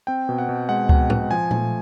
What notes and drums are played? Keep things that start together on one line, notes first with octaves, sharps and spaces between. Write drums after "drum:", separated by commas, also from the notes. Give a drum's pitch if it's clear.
C4 G5
B2
F#5
B2
G#3 F#5
B2 F#5, drum: kick C#2
B2 F#5, drum: tom A2
F3 G#5
A3, drum: tom A#2